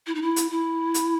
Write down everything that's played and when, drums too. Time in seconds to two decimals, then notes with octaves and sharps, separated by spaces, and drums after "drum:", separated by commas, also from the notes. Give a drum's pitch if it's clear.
0.07 E4
0.15 D#4
0.22 E4
0.36 drum: hi-hat
0.51 E4
0.94 drum: hi-hat